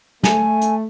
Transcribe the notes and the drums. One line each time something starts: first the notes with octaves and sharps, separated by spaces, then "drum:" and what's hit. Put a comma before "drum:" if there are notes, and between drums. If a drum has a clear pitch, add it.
A3 G#5, drum: snare
drum: hi-hat